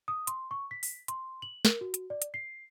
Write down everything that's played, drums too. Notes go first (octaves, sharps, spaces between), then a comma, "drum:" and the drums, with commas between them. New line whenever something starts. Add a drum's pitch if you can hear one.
D#6
C6, drum: hi-hat
C#6
B6
drum: open hi-hat
C6, drum: hi-hat
F#7
A#4, drum: snare
F#4
drum: hi-hat
D5
drum: hi-hat
C7